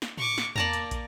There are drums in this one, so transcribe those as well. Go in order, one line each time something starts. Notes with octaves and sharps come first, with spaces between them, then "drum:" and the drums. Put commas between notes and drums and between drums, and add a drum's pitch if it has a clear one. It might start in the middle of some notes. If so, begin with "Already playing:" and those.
drum: snare
C#6 D6, drum: tom A2
drum: snare
A#3 D5 A5 A#5, drum: tom E2
drum: hi-hat
drum: kick, hi-hat